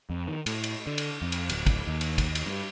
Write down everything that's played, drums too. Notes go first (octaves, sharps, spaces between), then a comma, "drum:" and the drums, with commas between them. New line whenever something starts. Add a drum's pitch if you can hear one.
F2
D#3
A2, drum: cymbal
drum: cymbal
D3
drum: cymbal
F2
drum: cymbal
D1, drum: cymbal
drum: kick, cymbal
D#2
drum: cymbal
drum: kick, cymbal
drum: cymbal
G2